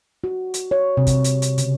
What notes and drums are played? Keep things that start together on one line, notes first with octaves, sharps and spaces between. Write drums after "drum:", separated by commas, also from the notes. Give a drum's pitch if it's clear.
F#4
drum: hi-hat
C#5
C3
drum: kick, hi-hat
drum: hi-hat
drum: hi-hat
C#3, drum: hi-hat